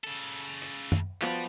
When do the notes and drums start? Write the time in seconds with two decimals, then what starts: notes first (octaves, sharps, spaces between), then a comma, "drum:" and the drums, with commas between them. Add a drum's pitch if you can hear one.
0.04 C#3 A4
0.62 drum: hi-hat
0.92 drum: tom
1.22 F3 G3 B3 F#4, drum: clap